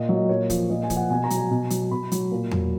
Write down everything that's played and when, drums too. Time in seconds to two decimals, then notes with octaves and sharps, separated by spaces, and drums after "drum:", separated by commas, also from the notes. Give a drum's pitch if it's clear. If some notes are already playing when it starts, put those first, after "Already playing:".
Already playing: A#2 D#5
0.09 F#3
0.16 D#5
0.29 A#2 C#5
0.50 F3, drum: kick, hi-hat
0.70 A#2 D#5
0.83 G#5
0.90 F3, drum: kick, hi-hat
0.97 F#5
1.10 B2 G#5
1.24 A#5
1.30 F#3, drum: hi-hat
1.37 G#5
1.51 B2
1.70 F#3, drum: hi-hat
1.91 B2 B5
2.12 F#3, drum: hi-hat
2.32 A#2
2.51 F#3, drum: tom E2